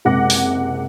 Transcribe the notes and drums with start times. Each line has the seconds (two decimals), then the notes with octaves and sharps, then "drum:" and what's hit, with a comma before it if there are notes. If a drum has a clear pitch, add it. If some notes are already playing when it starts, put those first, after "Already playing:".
0.05 F#1 C3 G#3 F#5 D6 A#6
0.30 drum: open hi-hat